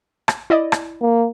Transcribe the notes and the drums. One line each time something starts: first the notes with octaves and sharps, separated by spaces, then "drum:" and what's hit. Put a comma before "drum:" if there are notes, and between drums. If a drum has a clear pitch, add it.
drum: rim click
E4 D5 D#5
drum: rim click
A#3